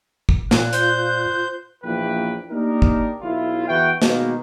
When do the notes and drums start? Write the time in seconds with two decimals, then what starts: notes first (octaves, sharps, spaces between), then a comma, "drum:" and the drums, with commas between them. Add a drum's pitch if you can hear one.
0.29 drum: kick
0.51 A#2 F4 F#6, drum: snare
0.73 C5 G6, drum: hi-hat
1.83 A#1 E2 A#3 E4 B4 G5
2.50 A#3 D4 D#4 G4 A#4
2.82 drum: kick
3.22 B1 E4 F4
3.67 E2 F#4 B4 E5 G5
4.02 B2 D#3 G#3 A#3, drum: snare